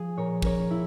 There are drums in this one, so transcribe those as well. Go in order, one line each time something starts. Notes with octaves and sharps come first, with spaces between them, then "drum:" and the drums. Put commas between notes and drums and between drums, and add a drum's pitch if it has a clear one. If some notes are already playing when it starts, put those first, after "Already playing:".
Already playing: F3 G#4
A#2 A#4 C#5
C#4 A#4 C#5, drum: kick
A#3 E4